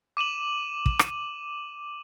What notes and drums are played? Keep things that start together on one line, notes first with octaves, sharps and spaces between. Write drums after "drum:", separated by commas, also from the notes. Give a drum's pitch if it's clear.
D6 D#7 E7 F#7
drum: kick
drum: rim click